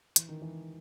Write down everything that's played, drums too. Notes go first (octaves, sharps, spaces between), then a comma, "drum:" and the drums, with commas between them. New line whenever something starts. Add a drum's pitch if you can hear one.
E3, drum: hi-hat
D#3
E3